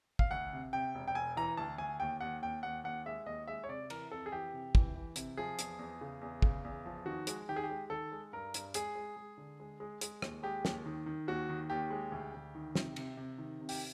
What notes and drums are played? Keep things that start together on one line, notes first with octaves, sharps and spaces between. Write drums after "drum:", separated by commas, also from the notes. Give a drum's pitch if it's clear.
F5, drum: kick
D2 F#5
C3
C3 G5
E1
G5
E1 G#5
E3 A#5
D2 A5
D2 G#5
D#2 G5
D#2 F#5
D#2 G5
D#2 F#5
D#2 F#5
G#3 E5
D#2 D#5
G#3 E5
C#5
C3 D5
E3 A#4, drum: cymbal
F2 A4
G#4
E3 G4
C3
E3, drum: kick
E3
C3, drum: hi-hat
F3 G#4
E2, drum: hi-hat
E2
C#3
E2
C#3, drum: kick
E2
F3
D#3 F#4
G#3, drum: hi-hat
D#3 G4
G#4
G4
G#3
D#3 A4
G#3
G2 A#4
G2, drum: hi-hat
G#3 G#4, drum: hi-hat
G#3
G#3
D3
G#3
G#3
G#3, drum: hi-hat
D#2, drum: rim click
G#3 G4
D#2, drum: snare
D#3
D#3
D#2 F#4
D#3
D#2 G4
G#3
D2
D2
D#3
C3, drum: snare
C3, drum: cymbal
C3
D#3
C3
G4, drum: open hi-hat